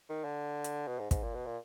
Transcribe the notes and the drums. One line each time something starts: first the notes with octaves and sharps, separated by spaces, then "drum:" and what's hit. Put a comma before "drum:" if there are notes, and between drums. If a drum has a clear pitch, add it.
D#3
D3
drum: hi-hat
B2
G#2
G#2, drum: kick, hi-hat
A#2
B2
A#2